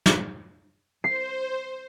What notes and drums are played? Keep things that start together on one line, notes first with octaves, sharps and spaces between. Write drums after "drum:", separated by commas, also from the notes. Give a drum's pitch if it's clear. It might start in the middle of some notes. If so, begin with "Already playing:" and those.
drum: snare
C5 C7